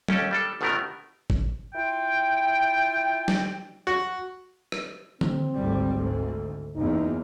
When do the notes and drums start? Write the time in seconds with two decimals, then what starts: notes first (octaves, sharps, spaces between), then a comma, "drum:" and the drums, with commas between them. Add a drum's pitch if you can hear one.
0.08 D#2 C#4 G4 A4, drum: tom
0.31 G3 D4 A4
0.61 G1 B2 D#3 A3 B3 A#4
1.30 drum: kick G1
1.74 E4 F4 G5
3.28 drum: snare
3.87 F#4
4.72 drum: rim click
5.21 C4, drum: tom D3
5.57 G#1 D2 G3
5.95 D2 G#2
6.75 F#1 E2 D#4